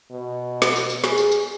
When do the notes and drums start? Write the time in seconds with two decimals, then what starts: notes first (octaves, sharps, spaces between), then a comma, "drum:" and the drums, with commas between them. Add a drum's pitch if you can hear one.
0.12 B2
0.62 drum: snare
0.76 drum: tambourine
0.90 drum: tambourine
1.04 G#4, drum: snare
1.18 drum: tambourine
1.32 drum: tambourine